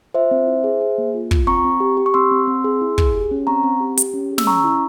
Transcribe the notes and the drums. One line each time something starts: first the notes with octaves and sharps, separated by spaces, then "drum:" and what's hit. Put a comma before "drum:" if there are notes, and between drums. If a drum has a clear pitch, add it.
F4 C5 E5
C4
E4
G#4
G#4
A#3
F4
F4, drum: kick
C4 A#5 C#6
C4
G4
G4
C#6
C4 C6 E6
C4
C4
G#4
E4
G#4, drum: kick
G4
C#4
C4 A#5 C#6
C4
G4
G4, drum: hi-hat
C#4
G#4
E6, drum: snare
C#4 A#5 C#6
E4